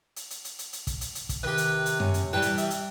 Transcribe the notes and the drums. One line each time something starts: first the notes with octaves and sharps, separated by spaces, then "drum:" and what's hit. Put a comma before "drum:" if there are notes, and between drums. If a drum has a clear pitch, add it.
drum: hi-hat
drum: hi-hat
drum: hi-hat
drum: hi-hat
drum: hi-hat
drum: kick, hi-hat
drum: hi-hat
drum: hi-hat
drum: kick, hi-hat
C3 D#3 G4 B4
drum: hi-hat
drum: hi-hat
C#4, drum: tom F#2
drum: hi-hat
E3 G3 B4 G5 A5
drum: hi-hat
E5, drum: hi-hat
drum: hi-hat